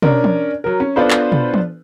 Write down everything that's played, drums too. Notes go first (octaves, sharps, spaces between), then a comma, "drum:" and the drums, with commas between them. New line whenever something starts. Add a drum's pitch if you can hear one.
C#4 D4 A#4, drum: tom
drum: tom
F#3 A#4
C#4
B3 D4 F4 A4 B4 C5
drum: clap
drum: tom
drum: tom